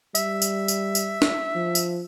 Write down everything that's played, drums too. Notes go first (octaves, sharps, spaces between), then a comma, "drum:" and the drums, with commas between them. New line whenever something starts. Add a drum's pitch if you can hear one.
G3 E5, drum: tambourine
drum: tambourine
drum: tambourine
drum: tambourine
drum: snare
F3
drum: tambourine